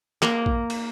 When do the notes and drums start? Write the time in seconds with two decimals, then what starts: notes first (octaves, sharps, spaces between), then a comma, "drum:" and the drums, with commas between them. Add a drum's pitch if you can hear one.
0.22 A#3, drum: clap
0.46 drum: kick A#1
0.70 drum: cymbal